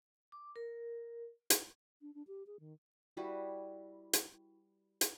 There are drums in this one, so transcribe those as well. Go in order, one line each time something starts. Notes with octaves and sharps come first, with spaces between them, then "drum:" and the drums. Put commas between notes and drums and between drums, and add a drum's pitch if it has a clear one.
D6
A#4
drum: hi-hat
D4
D4
G4
G#4
D#3
G3 E4 F#4 B4
drum: hi-hat
drum: hi-hat